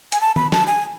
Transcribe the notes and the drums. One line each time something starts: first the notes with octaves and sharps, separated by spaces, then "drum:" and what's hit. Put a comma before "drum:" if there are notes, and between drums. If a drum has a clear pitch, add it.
G#5, drum: hi-hat
A5
B5, drum: tom D#3
A5, drum: snare
G#5